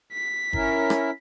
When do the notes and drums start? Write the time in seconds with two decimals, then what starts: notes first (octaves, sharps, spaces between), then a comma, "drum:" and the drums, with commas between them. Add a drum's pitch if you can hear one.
0.12 B6
0.53 C#4 E4 A#4, drum: kick G1
0.90 drum: rim click